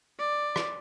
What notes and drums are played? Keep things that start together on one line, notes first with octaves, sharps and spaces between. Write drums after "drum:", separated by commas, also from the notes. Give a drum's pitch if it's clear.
D5
drum: rim click